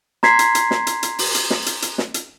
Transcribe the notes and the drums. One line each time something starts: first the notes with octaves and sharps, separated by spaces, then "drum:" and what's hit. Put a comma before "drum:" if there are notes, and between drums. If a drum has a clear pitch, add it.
A#5 C6 G#6 B6 C7, drum: snare
drum: hi-hat
drum: hi-hat
drum: snare
drum: hi-hat
drum: hi-hat
drum: open hi-hat
drum: hi-hat
drum: snare
drum: hi-hat
drum: hi-hat
drum: snare
drum: hi-hat